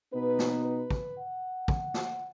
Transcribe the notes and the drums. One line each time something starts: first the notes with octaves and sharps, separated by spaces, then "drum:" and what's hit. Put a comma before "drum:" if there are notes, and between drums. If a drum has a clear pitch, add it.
B2 B3 D#4 B4
drum: snare
B4
drum: kick
F#5
drum: kick
drum: snare